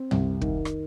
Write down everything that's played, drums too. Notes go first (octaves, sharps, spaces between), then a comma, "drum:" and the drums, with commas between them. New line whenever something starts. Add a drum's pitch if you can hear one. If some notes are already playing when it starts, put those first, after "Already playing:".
Already playing: C4
C2, drum: tom
D#3, drum: kick
drum: rim click